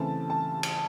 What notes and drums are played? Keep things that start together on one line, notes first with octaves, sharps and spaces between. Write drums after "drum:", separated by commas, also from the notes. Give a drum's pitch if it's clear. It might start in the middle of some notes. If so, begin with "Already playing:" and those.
Already playing: C#3 E3 A3 C4 A5
A5
drum: cymbal